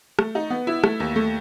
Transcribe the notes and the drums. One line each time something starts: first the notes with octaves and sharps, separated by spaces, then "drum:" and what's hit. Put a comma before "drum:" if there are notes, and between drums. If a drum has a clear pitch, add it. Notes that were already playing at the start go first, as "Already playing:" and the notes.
A3, drum: rim click
D#4
B3
E4
A3, drum: rim click
D#2
A3